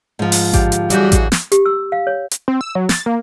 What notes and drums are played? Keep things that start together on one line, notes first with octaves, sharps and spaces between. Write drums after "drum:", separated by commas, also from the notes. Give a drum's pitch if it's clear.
G#2 F3
drum: open hi-hat
D3 G4 F5, drum: kick A1, hi-hat
drum: hi-hat
F#2 E3 G3 F#4 G#4 G6, drum: hi-hat
drum: kick A1, hi-hat
drum: snare
G4, drum: hi-hat
E6
F5
C#5
drum: hi-hat
C4
E6
F#3
A6, drum: snare
A#3